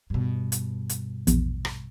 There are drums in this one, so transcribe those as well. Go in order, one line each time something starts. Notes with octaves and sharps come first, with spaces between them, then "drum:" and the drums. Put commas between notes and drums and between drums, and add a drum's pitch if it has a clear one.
G2 B2
drum: hi-hat
drum: hi-hat
A#1 E2, drum: hi-hat
drum: rim click